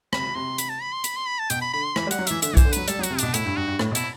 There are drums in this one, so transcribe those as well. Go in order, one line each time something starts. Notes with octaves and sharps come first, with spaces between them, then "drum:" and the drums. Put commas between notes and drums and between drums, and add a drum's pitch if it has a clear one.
C3 B5, drum: rim click
C3 C6
B5, drum: hi-hat
A5
B5
C6
B5, drum: hi-hat
C6
B5
A5
B2 G5, drum: hi-hat
B5
D3 B5
C6
E3 B5, drum: rim click
G3
F#5, drum: hi-hat
F#3
E3 E5, drum: hi-hat
D3 E5, drum: hi-hat
E3
C5, drum: kick B1, hi-hat
D3
F#3 B4, drum: hi-hat
G3 A4, drum: hi-hat
F#3
F#4, drum: hi-hat
C3
B2 D4, drum: hi-hat
A2 E4, drum: hi-hat
G2
G2 F#4
G2
A2, drum: rim click
B2
E4, drum: hi-hat